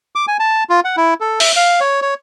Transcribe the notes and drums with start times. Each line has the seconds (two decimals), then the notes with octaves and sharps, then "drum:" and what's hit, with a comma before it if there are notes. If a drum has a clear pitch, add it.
0.15 D6
0.28 G#5
0.40 A5
0.69 F4
0.84 F#5
0.97 E4
1.20 A4
1.40 E5, drum: open hi-hat
1.56 F5
1.80 C#5
2.02 C#5